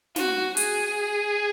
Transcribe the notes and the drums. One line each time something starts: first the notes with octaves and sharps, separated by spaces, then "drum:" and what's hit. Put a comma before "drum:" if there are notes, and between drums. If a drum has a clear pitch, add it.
F#4, drum: snare
G#4, drum: hi-hat